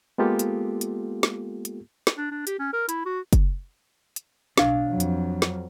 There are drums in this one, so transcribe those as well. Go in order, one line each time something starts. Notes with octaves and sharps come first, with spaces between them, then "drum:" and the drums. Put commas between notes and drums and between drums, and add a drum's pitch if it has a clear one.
G#3 A#3 B3 F4 G4 A4
drum: hi-hat
drum: hi-hat
drum: snare
drum: hi-hat
drum: snare
D4
D4
G4, drum: hi-hat
C#4
A#4
E4, drum: hi-hat
F#4
drum: kick, hi-hat
drum: hi-hat
B1 D4 F5, drum: snare
F2 F#3
drum: hi-hat
drum: snare